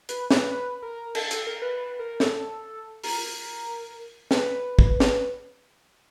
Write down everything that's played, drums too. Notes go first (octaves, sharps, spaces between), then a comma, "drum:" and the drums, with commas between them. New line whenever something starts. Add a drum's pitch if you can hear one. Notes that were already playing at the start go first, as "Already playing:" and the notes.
B4, drum: hi-hat
B4, drum: snare
B4
A#4
A4, drum: cymbal
A4, drum: hi-hat
A#4
B4
B4
A#4
A4, drum: snare
A#4, drum: open hi-hat
B4, drum: snare
drum: kick
drum: snare